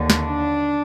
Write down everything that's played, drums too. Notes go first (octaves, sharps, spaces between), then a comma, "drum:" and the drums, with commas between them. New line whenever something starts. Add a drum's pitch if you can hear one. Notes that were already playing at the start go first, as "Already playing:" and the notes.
Already playing: D#2 D3
drum: snare
D4